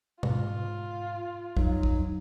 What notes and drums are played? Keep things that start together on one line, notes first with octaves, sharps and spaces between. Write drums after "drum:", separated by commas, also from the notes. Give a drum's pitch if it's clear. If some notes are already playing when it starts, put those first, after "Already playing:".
G#2 F4, drum: tom B2
F2 F#3 D#4, drum: kick
drum: kick